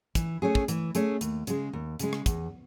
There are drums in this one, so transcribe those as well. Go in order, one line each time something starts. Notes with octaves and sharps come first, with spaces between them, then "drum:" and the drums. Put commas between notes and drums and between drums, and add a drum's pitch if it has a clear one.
E3, drum: kick, hi-hat
A3 C#4 G#4
drum: kick
E3, drum: hi-hat
A3 C#4 G#4, drum: hi-hat
D#2, drum: hi-hat
C#3 G#3, drum: hi-hat
D#2
C#3 G#3, drum: hi-hat
drum: rim click
E2, drum: kick, hi-hat